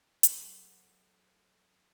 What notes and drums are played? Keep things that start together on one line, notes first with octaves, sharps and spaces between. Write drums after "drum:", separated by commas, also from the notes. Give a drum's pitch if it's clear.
F#3 D#4 G#4 A4 C5 C#5, drum: hi-hat